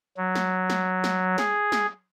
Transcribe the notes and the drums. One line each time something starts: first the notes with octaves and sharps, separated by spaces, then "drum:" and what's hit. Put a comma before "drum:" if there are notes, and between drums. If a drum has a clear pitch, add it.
F#3
drum: snare
drum: snare
drum: snare
G#4, drum: snare
drum: snare